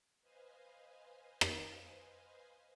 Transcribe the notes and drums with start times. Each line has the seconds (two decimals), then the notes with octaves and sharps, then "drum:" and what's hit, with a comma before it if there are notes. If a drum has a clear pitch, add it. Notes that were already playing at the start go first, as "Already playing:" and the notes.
0.21 B4 C5 D#5 F5 G#5
1.41 drum: rim click